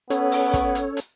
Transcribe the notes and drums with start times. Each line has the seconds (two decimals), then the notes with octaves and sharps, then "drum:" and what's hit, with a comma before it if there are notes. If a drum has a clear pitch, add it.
0.10 B3 C#4 A4 C#5, drum: hi-hat
0.32 drum: open hi-hat
0.54 drum: kick, hi-hat
0.75 drum: hi-hat
0.97 drum: hi-hat